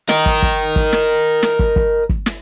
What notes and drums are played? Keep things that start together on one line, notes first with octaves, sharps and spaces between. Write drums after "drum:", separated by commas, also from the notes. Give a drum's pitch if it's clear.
A#4 D#5, drum: snare
drum: kick
drum: kick
drum: kick
drum: snare
drum: snare
drum: kick
drum: kick
drum: kick
drum: snare